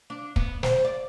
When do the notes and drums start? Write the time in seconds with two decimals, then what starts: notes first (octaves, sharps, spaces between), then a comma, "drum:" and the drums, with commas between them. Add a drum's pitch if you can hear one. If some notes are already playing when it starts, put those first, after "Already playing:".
0.10 D4
0.36 B3, drum: kick
0.63 C5, drum: snare
0.85 D5